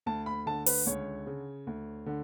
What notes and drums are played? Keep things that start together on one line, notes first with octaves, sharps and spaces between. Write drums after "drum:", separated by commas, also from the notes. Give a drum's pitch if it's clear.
D2 A5
B5
D3 A5
B4, drum: open hi-hat
C#2 C#5
C#3
D2
D3